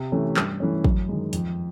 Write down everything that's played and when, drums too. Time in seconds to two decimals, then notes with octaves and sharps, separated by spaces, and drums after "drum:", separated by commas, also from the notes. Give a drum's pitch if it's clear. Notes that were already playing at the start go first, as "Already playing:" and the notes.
Already playing: C3
0.12 E3 A3 C#4
0.37 G2, drum: clap
0.60 E3 A3 C#4
0.84 F#2, drum: kick
1.09 D#3 G#3
1.33 F2, drum: hi-hat